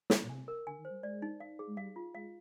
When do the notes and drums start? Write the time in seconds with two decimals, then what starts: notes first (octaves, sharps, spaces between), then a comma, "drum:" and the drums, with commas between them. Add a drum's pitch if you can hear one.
0.10 drum: snare
0.23 A#2
0.29 C3 G#5
0.48 A#4
0.66 D3 G#5
0.78 D#3
0.85 C5
0.90 G3
1.03 G#3 D5
1.22 D#4
1.40 F5
1.59 G#4
1.67 G#3
1.77 G3 F5
1.96 F4
2.14 G#3 F5